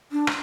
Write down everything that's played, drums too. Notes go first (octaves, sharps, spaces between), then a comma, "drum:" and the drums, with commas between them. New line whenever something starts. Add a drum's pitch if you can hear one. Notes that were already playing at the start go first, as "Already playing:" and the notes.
D4
drum: rim click